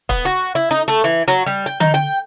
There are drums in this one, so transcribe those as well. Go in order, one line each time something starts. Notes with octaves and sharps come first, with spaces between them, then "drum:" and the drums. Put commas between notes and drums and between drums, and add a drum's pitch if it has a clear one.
B3, drum: kick
F#4
E4
D#4
A3
E3
F#3
G3
G5
D#4, drum: tom D3
G5